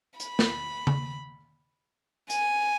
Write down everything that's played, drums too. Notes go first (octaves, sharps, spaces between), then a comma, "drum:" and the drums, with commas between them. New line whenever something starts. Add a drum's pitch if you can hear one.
B5, drum: hi-hat
drum: snare
drum: tom C#3
G#5, drum: hi-hat